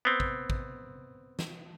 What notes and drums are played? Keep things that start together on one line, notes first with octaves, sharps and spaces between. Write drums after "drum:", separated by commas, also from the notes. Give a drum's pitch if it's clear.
B3 C4
drum: kick
drum: kick
drum: snare